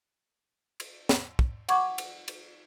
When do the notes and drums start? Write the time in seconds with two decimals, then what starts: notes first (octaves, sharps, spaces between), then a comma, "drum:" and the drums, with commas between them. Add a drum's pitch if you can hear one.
0.80 drum: cymbal
1.09 drum: snare
1.39 drum: kick
1.69 F#5 C#6 D6 G#6, drum: cymbal
1.98 drum: cymbal
2.28 drum: cymbal